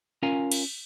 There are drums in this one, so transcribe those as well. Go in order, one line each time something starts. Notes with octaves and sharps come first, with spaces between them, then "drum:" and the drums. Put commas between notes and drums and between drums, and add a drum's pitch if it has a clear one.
C#4 F4 A#4 F5 G#5 A#5
drum: cymbal